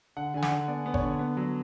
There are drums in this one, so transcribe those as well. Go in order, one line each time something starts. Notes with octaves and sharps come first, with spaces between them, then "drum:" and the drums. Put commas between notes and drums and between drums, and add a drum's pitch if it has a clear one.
D3 F#5
D3 G#5
F#5, drum: snare
D3
B3 D5
B3
C#5, drum: kick G1
D3
B3
F#3